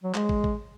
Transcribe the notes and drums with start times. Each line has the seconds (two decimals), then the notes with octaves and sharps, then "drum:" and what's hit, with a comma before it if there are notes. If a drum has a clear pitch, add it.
0.04 F#3
0.14 G#3, drum: clap
0.29 drum: kick
0.44 drum: kick